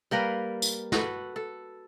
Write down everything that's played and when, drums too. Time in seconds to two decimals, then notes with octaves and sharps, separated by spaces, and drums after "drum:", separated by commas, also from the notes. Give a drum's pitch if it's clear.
0.11 G3 A#3 A#4 B4
0.62 drum: tambourine
0.92 F#4 A4 B4, drum: snare
1.36 A4